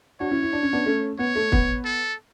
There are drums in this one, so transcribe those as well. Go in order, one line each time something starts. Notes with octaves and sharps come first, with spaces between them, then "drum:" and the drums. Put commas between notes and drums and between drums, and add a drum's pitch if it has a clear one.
D4 F#4 C#5
C#4 E4
E4
D4
C#4
B3 D4
A3 C#4
B3 C#5
A3
B3, drum: kick
A4